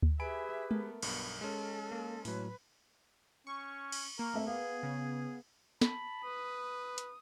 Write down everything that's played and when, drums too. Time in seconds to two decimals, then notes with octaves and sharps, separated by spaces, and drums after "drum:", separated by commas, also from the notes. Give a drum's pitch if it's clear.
0.03 drum: kick D2
0.20 G4 G#4 B4 E5 G#5 B5 D7
0.71 A3 B3 A#4, drum: tom G#3
1.02 B1 G2 B3 F6, drum: cymbal
1.41 G#3 C#4 A4
1.92 A#3
2.25 A2 F#3 B4, drum: open hi-hat
3.47 C#4 C#6
3.92 drum: cymbal
4.19 A#3 A#4 C#6
4.34 A3 C4 E5
4.47 B3 G#4 F5
4.83 C#3
5.81 A5 B5, drum: snare
6.24 B4 D#6
6.98 drum: hi-hat